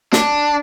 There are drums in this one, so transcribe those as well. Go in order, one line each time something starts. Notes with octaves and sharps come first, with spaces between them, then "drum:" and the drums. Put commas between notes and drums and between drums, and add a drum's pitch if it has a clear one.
D4, drum: snare